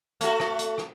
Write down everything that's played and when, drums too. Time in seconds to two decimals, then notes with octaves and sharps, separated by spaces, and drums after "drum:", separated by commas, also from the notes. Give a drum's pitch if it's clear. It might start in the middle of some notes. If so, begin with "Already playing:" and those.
0.21 A3 F#4, drum: hi-hat
0.40 drum: rim click
0.59 drum: hi-hat
0.78 drum: rim click